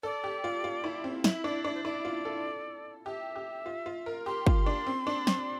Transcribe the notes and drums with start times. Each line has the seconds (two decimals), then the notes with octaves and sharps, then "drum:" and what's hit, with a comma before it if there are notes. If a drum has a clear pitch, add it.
0.03 A4 D5
0.24 G4
0.44 F4
0.64 F4
0.84 E4
1.04 C4
1.24 E4 E5, drum: snare
1.44 D4 D5
1.64 D4 D5
1.75 C5
1.84 E4 D5
2.05 F4
2.25 A4
3.06 G4 E5
3.36 G4
3.66 F4
3.86 F4
4.06 A#4
4.26 G4 C6
4.47 F4, drum: kick
4.66 D4
4.87 C4
5.07 D4
5.27 C4, drum: snare